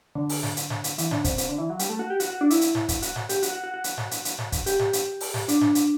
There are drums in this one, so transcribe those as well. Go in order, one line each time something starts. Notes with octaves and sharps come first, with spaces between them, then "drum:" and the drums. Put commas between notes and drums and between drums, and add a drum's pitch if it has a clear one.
D3
drum: open hi-hat
drum: snare G#2
drum: hi-hat
drum: snare G#2
drum: hi-hat
E3, drum: hi-hat
D3, drum: snare G#2
C3, drum: kick, hi-hat
C3, drum: hi-hat
D3
E3
F#3
G3, drum: hi-hat
A3
F#4
G4
F#4, drum: hi-hat
F#4
D4
E4, drum: hi-hat
drum: hi-hat
drum: snare G#2
drum: kick, hi-hat
F#4, drum: hi-hat
drum: snare G#2
G4, drum: hi-hat
F#4, drum: hi-hat
F#4
F#4
F#4
drum: hi-hat
drum: snare G#2
drum: hi-hat
drum: hi-hat
drum: snare G#2
drum: kick, hi-hat
G4, drum: hi-hat
drum: snare G#2
drum: hi-hat
drum: open hi-hat
drum: snare G#2
D4, drum: hi-hat
drum: snare G#2
drum: hi-hat